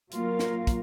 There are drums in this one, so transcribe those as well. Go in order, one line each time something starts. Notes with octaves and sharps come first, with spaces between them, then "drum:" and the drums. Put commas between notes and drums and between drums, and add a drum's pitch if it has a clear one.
F#3 A#3 F4 A#4 F5, drum: hi-hat
drum: snare
drum: kick, hi-hat